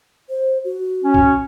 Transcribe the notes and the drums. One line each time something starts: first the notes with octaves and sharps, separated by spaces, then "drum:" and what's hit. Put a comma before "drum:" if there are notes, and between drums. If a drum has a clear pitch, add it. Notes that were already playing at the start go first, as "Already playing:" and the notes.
C5
F#4
C#4
drum: kick